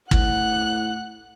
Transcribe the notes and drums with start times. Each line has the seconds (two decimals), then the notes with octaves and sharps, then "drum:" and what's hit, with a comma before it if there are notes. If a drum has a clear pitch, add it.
0.11 A2 F#5 F#6, drum: kick